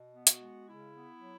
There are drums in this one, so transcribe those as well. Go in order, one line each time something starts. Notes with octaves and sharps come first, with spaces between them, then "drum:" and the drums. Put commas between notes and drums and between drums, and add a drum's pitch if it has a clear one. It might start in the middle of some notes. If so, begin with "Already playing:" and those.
Already playing: B2
B3
F#4, drum: hi-hat
G#3
C#3 E4
B3
F#3